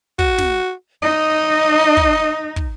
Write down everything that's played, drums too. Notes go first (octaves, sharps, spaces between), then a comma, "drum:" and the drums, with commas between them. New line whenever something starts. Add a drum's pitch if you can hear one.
F#4, drum: kick
drum: snare
D#4 D#5
drum: kick
drum: kick